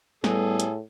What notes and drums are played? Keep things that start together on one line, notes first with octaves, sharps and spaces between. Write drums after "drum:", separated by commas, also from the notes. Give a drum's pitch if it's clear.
A2 G3 B3 G#4 A4, drum: snare
drum: hi-hat